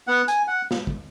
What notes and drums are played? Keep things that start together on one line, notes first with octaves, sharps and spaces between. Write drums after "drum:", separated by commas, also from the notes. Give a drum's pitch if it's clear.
B3 F#5
G#5, drum: hi-hat
F#5
drum: snare
drum: kick